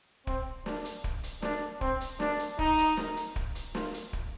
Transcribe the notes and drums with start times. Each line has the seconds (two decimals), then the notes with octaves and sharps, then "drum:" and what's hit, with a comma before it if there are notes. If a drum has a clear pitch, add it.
0.27 C4, drum: kick
0.66 D4, drum: snare
0.85 drum: hi-hat
1.04 drum: kick
1.23 drum: hi-hat
1.42 D4, drum: snare
1.81 C4, drum: kick
2.01 drum: hi-hat
2.20 D4, drum: snare
2.39 drum: hi-hat
2.59 D#4, drum: kick
2.78 drum: hi-hat
2.97 drum: snare
3.17 drum: hi-hat
3.36 drum: kick
3.55 drum: hi-hat
3.75 F4, drum: snare
3.94 drum: hi-hat
4.13 drum: kick